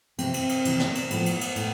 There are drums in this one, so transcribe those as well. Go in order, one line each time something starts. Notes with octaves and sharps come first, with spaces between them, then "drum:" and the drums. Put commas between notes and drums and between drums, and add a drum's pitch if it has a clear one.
C3 E3 C4, drum: cymbal
drum: cymbal
drum: cymbal
C3 E3, drum: cymbal
drum: snare
drum: cymbal
A2 F3 B3, drum: cymbal
drum: cymbal
drum: cymbal
A2, drum: cymbal